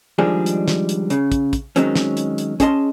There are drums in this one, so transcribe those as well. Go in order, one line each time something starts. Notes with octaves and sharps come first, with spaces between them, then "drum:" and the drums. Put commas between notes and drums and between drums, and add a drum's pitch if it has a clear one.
D#3 F3 G3 G#3 D4 G#4
drum: hi-hat
drum: snare
drum: hi-hat
C#3, drum: hi-hat
drum: kick, hi-hat
drum: kick, hi-hat
D#3 F#3 G#3 C4 C#4, drum: hi-hat
drum: snare
drum: hi-hat
drum: hi-hat
C#4 G#4 D#5 A5 C6, drum: kick, hi-hat